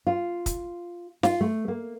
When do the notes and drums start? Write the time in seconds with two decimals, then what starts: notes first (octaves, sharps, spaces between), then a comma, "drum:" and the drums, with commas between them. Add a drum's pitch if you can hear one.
0.07 F4
0.46 drum: kick, hi-hat
1.23 F4, drum: snare
1.41 A3
1.68 A#3